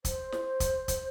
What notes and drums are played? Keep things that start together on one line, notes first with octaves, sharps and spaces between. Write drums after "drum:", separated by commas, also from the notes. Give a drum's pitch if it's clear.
C5, drum: kick, hi-hat
drum: snare
drum: kick, hi-hat
drum: kick, hi-hat